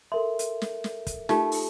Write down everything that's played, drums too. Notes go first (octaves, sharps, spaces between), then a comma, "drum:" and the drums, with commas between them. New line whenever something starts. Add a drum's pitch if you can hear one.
A4 A#4 E5 C6
drum: hi-hat
drum: snare
drum: snare
drum: kick, hi-hat
A3 D#4 F4 G4, drum: snare
drum: open hi-hat